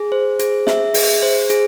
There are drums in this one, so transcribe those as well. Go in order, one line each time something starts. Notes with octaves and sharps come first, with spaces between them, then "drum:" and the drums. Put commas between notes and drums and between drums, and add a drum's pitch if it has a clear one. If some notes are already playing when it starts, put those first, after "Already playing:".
Already playing: G#4
C5
G#4, drum: hi-hat
E5, drum: snare
G#4, drum: open hi-hat
C5
G#4, drum: hi-hat